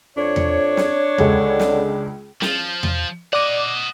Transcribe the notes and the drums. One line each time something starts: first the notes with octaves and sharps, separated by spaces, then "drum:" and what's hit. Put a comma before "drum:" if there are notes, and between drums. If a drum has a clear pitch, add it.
F2 D4 C#5
drum: tom E2
drum: snare
C#2 D3 G#3, drum: tom E2
drum: snare
F3, drum: snare
drum: tom E2
D5 D#5 F#5 D6